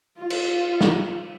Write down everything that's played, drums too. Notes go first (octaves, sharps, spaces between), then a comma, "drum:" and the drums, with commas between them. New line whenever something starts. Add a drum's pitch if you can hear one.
F4
drum: cymbal
drum: snare